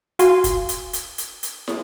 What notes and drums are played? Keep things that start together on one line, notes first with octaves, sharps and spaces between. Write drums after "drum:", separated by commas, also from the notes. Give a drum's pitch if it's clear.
F#4 F5 G#5 C6, drum: hi-hat
drum: kick, hi-hat
drum: hi-hat
drum: hi-hat
drum: hi-hat
drum: hi-hat
drum: snare